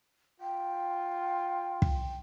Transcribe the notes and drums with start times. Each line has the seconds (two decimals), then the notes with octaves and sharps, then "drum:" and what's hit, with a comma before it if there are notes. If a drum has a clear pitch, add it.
0.41 F4 G5
1.82 drum: kick